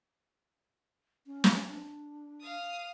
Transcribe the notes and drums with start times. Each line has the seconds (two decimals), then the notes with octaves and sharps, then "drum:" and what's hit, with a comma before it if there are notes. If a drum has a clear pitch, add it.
1.26 C#4
1.44 drum: snare
1.68 D4
2.41 F5 D#6